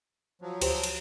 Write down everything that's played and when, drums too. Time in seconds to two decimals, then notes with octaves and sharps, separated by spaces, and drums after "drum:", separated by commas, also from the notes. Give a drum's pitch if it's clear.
0.42 F3 F#3
0.61 D2 G4 C5, drum: cymbal
0.84 drum: cymbal